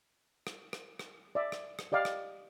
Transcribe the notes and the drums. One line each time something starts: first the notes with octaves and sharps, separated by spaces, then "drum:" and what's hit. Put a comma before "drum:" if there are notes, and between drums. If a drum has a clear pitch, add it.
drum: rim click
drum: rim click
drum: rim click
D5 E5
drum: rim click
drum: rim click
G4 D5 D#5 F5 G5
drum: rim click